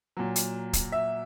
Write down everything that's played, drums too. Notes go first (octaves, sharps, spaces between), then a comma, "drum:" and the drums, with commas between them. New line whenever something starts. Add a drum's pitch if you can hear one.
A#2 F#3
drum: hi-hat
drum: kick, hi-hat
E5